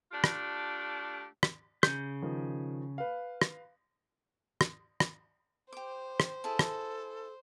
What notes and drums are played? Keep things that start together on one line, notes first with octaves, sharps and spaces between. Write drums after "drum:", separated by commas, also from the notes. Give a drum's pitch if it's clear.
A3 D4 F4 G4
drum: rim click
drum: rim click
C#3 G6, drum: rim click
D#3 F3
B4 F5
drum: rim click
drum: rim click
drum: rim click
G4 C5 D6
drum: rim click
E4 G#4 A4 A5
drum: rim click